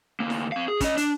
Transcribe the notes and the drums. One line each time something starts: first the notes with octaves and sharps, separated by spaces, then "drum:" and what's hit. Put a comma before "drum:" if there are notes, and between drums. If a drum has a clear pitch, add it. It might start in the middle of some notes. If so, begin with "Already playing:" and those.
D2 A#3
drum: snare E4
C4 F5
G#4
C#4 D#5, drum: kick, hi-hat
D4, drum: hi-hat